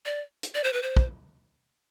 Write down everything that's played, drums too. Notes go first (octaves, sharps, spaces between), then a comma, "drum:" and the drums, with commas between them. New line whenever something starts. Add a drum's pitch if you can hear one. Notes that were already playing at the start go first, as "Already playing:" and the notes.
D5
drum: hi-hat
D5
C5
B4
C5
drum: kick